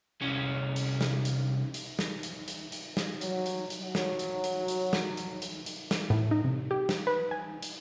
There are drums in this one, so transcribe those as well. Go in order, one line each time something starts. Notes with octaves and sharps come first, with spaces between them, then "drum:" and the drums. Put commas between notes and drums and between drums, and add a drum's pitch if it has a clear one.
C2 C#4
drum: hi-hat
drum: snare
drum: hi-hat
drum: hi-hat
drum: snare
drum: hi-hat
drum: hi-hat
drum: hi-hat
drum: snare
F#3, drum: hi-hat
drum: hi-hat
drum: hi-hat
F#3
drum: snare
drum: hi-hat
drum: hi-hat
drum: hi-hat
drum: snare
drum: hi-hat
drum: hi-hat
drum: hi-hat
drum: snare
A2
D#4
C3
G4
drum: snare
B4
G#5
drum: hi-hat